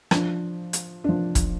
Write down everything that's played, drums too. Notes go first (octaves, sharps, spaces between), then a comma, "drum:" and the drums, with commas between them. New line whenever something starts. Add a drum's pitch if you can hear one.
F3 D4, drum: rim click
drum: hi-hat
F3 D4
drum: kick, hi-hat